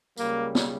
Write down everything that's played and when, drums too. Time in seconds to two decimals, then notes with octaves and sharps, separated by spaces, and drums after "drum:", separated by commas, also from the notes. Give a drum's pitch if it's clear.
0.17 C#2 C#3 G3 A#3, drum: tambourine
0.55 drum: snare